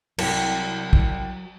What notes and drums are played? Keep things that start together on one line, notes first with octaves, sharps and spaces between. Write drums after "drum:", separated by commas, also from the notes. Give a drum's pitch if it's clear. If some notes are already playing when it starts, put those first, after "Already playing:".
C2 F#3 G5, drum: cymbal
drum: kick